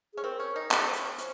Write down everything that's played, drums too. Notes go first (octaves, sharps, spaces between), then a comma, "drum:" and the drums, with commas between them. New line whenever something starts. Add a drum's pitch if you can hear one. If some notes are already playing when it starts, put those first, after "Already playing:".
C#4 G#4
C4 A#4
C#4
D#4
D#4, drum: clap
C#4
C4
C#4, drum: hi-hat
C#4 C5, drum: hi-hat